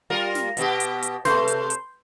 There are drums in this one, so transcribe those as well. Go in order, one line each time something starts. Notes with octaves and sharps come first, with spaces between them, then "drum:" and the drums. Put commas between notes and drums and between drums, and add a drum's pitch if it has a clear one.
G3 F4 A#4
drum: snare
B2 B3 G4, drum: hi-hat
drum: hi-hat
drum: hi-hat
C3 A3 B4 C6 G6, drum: snare
drum: hi-hat
drum: hi-hat